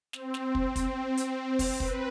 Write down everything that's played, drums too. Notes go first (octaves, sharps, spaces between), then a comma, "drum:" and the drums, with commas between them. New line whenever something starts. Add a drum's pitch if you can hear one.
C4, drum: snare
drum: snare
drum: kick
drum: kick, hi-hat
drum: hi-hat
drum: kick, open hi-hat
B4, drum: kick